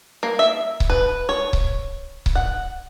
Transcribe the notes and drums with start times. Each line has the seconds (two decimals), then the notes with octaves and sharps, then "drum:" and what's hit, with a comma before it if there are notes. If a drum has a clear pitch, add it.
0.23 A#3
0.39 E5
0.80 drum: kick C#1
0.90 B4
1.29 C#5
1.53 drum: kick C#1
2.26 drum: kick C#1
2.35 F#5